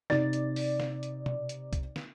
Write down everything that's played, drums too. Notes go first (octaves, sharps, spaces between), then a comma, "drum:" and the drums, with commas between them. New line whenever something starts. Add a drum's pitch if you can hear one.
C3 D#4 D5 A6, drum: snare
drum: hi-hat
drum: open hi-hat
drum: snare
drum: hi-hat
drum: tom
drum: hi-hat
drum: kick C2, hi-hat
drum: snare